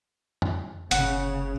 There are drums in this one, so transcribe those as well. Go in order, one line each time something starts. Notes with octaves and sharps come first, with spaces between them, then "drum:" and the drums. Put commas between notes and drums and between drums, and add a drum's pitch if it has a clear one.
drum: tom
F#1 C#3 F#5, drum: hi-hat